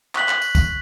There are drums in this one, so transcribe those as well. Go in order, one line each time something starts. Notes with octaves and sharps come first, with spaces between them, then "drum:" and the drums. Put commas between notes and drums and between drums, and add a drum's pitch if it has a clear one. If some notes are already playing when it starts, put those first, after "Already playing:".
C#6 F#6 B6 F#7, drum: clap
drum: clap
drum: tambourine
drum: kick, tambourine